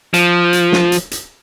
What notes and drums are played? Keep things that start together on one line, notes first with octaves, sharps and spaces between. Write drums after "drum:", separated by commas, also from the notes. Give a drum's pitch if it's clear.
F3, drum: hi-hat
drum: hi-hat
drum: snare
drum: hi-hat
drum: hi-hat